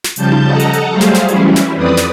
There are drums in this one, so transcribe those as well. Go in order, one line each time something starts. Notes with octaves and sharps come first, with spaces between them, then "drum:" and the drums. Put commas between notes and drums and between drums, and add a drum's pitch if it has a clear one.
drum: snare
C#3 F3 G3 A5 G6, drum: hi-hat
drum: tom D#4
A4 D#5 F#5 A5 A#5
drum: hi-hat
drum: hi-hat
F#3 G3 A3 G#4 C5 F5
drum: snare
drum: snare
E3 F#3 G3 C#4 E4, drum: hi-hat
drum: snare
F2 C4 B4 D5 D#6
drum: snare